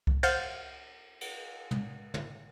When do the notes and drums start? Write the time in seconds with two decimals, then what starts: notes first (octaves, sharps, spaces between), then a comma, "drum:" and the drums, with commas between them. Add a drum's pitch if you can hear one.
0.07 drum: kick C2
0.23 C5 F5 F#5 F6 G6 A6, drum: cymbal
1.21 drum: cymbal
1.71 drum: tom
2.14 drum: tom